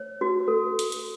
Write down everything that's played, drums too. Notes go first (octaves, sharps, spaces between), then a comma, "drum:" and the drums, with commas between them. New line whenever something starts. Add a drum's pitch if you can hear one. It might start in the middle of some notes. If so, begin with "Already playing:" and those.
Already playing: C#5
F#4
A4
drum: hi-hat
drum: hi-hat